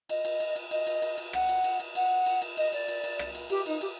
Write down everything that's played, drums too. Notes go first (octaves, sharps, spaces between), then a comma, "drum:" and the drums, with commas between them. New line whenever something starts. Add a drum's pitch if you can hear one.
D#5, drum: cymbal
drum: cymbal
drum: cymbal
drum: cymbal
D#5, drum: cymbal
drum: cymbal
drum: cymbal
drum: cymbal
F#5, drum: rim click
drum: cymbal
drum: cymbal
drum: cymbal
F#5, drum: cymbal
drum: cymbal
drum: cymbal
D#5, drum: cymbal
D5, drum: cymbal
drum: cymbal
drum: cymbal
drum: rim click
drum: cymbal
G4, drum: cymbal
D#4, drum: cymbal
G4, drum: cymbal